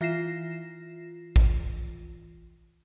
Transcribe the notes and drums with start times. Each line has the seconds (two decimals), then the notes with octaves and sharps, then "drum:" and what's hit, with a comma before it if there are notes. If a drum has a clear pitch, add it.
0.01 E3 F4 A#6 C7 E7
1.36 drum: kick A1